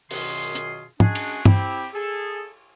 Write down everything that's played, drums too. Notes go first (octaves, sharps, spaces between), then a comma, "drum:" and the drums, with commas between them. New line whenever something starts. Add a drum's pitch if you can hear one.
F#2 B2 D#3 F4 G#4 C6, drum: open hi-hat
drum: hi-hat
G#3 C#4 D4 F#4 G#4, drum: tom
drum: cymbal
C4 E4 G4, drum: tom
G#4 A4